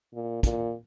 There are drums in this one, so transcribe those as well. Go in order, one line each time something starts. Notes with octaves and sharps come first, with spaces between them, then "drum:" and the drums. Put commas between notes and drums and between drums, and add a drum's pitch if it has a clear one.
A#2
A#2, drum: kick, hi-hat